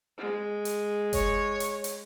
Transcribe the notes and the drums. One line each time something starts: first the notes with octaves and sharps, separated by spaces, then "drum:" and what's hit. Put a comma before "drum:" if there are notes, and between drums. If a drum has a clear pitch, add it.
G#3
drum: hi-hat
C#5, drum: kick F#1, hi-hat
drum: hi-hat
drum: hi-hat